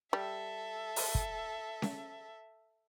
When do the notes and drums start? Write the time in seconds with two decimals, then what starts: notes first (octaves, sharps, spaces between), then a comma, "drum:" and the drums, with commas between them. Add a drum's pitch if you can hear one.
0.13 G3 A4 E5
0.96 drum: open hi-hat
1.15 drum: kick
1.82 drum: snare C#4